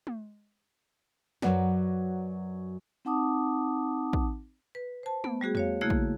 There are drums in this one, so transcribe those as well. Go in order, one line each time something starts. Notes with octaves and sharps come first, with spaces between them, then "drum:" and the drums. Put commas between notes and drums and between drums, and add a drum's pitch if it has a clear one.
drum: tom
F#2 F#3 F#4 B4 D5, drum: snare
C4 D#4 F#5 A5 D6 D#6
drum: kick
B4
C5 A5
B3, drum: tom
G3 A3 F#4 G#4
F#4 C#5 F5, drum: tom E2
C#3 A3 A#3 E4 F#6 G#6
drum: kick